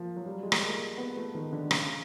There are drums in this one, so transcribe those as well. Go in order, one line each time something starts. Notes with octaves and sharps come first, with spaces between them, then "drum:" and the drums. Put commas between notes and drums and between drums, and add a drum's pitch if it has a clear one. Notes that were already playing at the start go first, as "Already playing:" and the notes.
Already playing: F3 A#3
F#3
G3
G#3
A3, drum: rim click
A#3
B3
A3
D#3
D3
C#3, drum: rim click